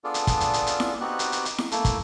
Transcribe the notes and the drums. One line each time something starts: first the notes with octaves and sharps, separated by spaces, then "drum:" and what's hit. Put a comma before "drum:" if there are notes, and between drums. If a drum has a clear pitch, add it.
B3 D4 F4 G#4 A4 D5
drum: hi-hat
drum: kick, hi-hat
drum: hi-hat
drum: hi-hat
drum: hi-hat
drum: snare E4
B3 C4 D#4 F#4 G4 F#6
drum: hi-hat
drum: hi-hat
drum: hi-hat
drum: snare E4
A3 A#3 E4 A4, drum: hi-hat
drum: kick, hi-hat